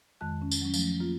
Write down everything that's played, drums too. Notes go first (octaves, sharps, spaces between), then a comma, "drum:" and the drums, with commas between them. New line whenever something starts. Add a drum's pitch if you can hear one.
F2 D#3 G#3 A5 F#6
C#4
drum: tambourine
F#3 C#4
F3 A3, drum: tambourine
A#3 F4